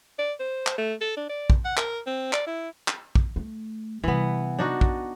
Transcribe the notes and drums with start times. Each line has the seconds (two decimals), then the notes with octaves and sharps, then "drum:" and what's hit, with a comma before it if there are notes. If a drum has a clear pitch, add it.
0.19 D5
0.40 C5
0.67 drum: clap
0.78 A3
1.01 A4
1.16 D4
1.30 D5
1.50 drum: kick
1.65 F#5
1.77 A#4, drum: clap
2.07 C4
2.33 D5, drum: clap
2.47 E4
2.88 drum: clap
3.15 drum: kick
3.36 A3
4.04 C3 E3 G3 B3
4.59 D4 D#4 F#4
4.81 drum: kick